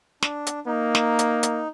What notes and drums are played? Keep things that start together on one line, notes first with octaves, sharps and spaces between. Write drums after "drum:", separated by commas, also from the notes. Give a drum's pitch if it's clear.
D4, drum: snare
drum: hi-hat
A#3 D#4
drum: snare
drum: hi-hat
drum: hi-hat